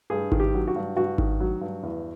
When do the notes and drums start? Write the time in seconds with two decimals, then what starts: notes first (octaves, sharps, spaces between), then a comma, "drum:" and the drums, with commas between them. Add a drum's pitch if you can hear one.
0.10 G2 G#4
0.32 D#3, drum: kick G#1
0.40 G4
0.54 F#3
0.68 F#4
0.76 G2
0.96 G2 F#4
1.18 D#3, drum: kick G#1
1.40 F#3
1.61 G2
1.83 E2